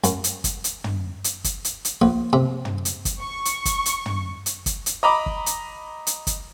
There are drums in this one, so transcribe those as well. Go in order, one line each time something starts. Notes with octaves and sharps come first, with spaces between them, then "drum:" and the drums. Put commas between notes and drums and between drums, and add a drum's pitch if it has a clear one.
F#2, drum: hi-hat
drum: hi-hat
drum: kick, hi-hat
drum: hi-hat
drum: tom
drum: hi-hat
drum: kick, hi-hat
drum: hi-hat
drum: hi-hat
A#1
C3
drum: tom
drum: hi-hat
drum: kick, hi-hat
C#6
drum: hi-hat
drum: kick, hi-hat
drum: hi-hat
drum: tom
drum: hi-hat
drum: kick, hi-hat
drum: hi-hat
D#5 A#5 B5 D6
drum: kick
drum: hi-hat
drum: hi-hat
drum: kick, hi-hat